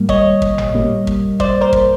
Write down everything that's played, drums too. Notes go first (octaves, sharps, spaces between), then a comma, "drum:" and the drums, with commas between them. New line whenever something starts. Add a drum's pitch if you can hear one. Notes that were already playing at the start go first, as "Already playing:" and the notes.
Already playing: G#2 D#3 G3 A#3
C#5 D#5, drum: kick
drum: kick
drum: tom G#1
A#2 G3 A#3
drum: kick
C5 D5, drum: kick
A#4 C5
drum: kick